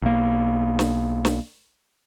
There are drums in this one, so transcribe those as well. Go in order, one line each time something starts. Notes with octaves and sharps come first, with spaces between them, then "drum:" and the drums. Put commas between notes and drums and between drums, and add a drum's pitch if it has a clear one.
B1 A#3
drum: snare
drum: snare